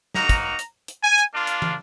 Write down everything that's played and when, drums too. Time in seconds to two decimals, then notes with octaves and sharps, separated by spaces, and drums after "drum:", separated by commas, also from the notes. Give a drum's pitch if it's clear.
0.14 A#3 D#4 F#4 A#5, drum: snare
0.29 drum: kick, hi-hat
0.44 A#5
0.59 drum: hi-hat
0.88 drum: hi-hat
1.04 G#5
1.18 drum: hi-hat
1.32 A#3 D4 F4
1.47 drum: hi-hat
1.62 drum: tom